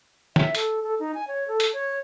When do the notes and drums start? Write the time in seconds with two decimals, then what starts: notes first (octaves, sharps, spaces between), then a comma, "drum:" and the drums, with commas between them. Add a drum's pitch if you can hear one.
0.36 E5, drum: snare
0.55 A4, drum: hi-hat
0.83 A4
0.99 D#4
1.15 G#5
1.28 C#5
1.48 A4
1.60 drum: hi-hat
1.73 C#5